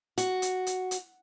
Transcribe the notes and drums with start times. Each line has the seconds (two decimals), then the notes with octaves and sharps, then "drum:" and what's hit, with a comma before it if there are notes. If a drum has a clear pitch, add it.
0.18 F#4, drum: hi-hat
0.42 drum: hi-hat
0.67 drum: hi-hat
0.91 drum: hi-hat